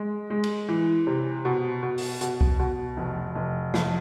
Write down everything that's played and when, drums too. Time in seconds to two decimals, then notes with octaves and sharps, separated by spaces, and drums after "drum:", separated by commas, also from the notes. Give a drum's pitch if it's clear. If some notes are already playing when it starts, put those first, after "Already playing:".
Already playing: G#3
0.30 G#3
0.44 drum: cymbal
0.68 E3
1.07 C3
1.45 B2
1.83 B2
1.98 drum: open hi-hat
2.21 B2, drum: hi-hat
2.41 drum: kick C2
2.59 B2
2.97 F1
3.35 F1
3.74 F2, drum: snare